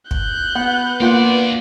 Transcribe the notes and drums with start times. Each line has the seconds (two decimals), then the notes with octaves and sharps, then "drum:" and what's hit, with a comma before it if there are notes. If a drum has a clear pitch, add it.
0.11 F#6 G6, drum: kick
0.55 B3 F#5
1.00 D2 A#3 F4 D5 F#5